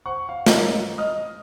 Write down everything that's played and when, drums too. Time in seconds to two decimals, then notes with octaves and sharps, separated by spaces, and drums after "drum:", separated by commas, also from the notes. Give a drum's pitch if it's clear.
0.06 C5 F#5 C#6
0.29 F5
0.46 C#4 D#4 A#4, drum: snare
0.71 G#2
0.98 D#5 D#6 F6